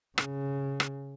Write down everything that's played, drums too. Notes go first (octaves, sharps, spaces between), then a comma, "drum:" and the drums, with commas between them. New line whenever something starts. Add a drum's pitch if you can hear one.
C#3, drum: rim click
drum: rim click